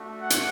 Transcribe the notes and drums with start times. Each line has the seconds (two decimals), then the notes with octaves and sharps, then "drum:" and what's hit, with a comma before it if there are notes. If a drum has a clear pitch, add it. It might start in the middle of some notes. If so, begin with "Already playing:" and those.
Already playing: A3 D4 F#4
0.21 F#5
0.30 drum: hi-hat